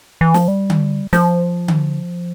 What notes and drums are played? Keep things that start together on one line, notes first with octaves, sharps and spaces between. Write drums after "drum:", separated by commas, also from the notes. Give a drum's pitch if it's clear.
E3
F3, drum: snare
G3
drum: tom D3
F3, drum: snare
drum: tom D3